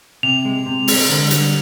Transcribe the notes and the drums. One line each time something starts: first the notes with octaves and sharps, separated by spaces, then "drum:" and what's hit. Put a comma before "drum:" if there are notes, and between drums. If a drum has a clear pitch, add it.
C3 F7
G#3
C3
G#3, drum: open hi-hat
D3
G3, drum: hi-hat